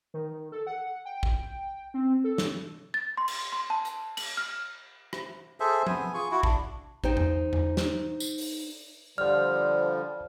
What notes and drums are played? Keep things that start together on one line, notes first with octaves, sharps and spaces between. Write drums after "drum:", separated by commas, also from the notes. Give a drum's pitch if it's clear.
D#3
A4
F#5
G5
drum: kick
C4
A4
drum: snare
A6
C6
drum: cymbal
C6
A5
drum: hi-hat
F#7, drum: cymbal
F6
drum: rim click
G#4 A4 C5 E5
B3 G#5, drum: tom F3
F4 G#4 C#6
E4 F#4
D4, drum: kick
D#4 C5 G5, drum: kick
drum: tom E2
drum: tom E2
drum: snare
drum: tambourine
drum: open hi-hat
D3 F3 G3 C5 D5 F6